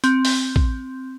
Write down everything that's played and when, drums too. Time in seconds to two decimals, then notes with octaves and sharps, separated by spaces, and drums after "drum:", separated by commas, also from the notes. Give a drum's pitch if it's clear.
0.04 C4, drum: hi-hat
0.25 drum: open hi-hat
0.56 drum: kick